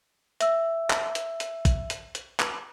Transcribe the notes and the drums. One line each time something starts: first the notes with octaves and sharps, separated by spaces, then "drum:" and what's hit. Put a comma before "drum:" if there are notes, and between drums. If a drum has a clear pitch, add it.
E5 E6, drum: hi-hat
drum: clap
drum: hi-hat
drum: hi-hat
drum: kick, hi-hat
drum: hi-hat
drum: hi-hat
drum: clap